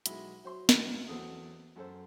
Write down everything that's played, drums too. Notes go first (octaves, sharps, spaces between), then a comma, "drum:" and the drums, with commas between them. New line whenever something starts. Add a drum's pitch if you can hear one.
B1 B2 G#3 E4 B5, drum: hi-hat
F#3 C5 C6
drum: snare
E2 F#3 C4 A4 D#6
F#2 A4 C5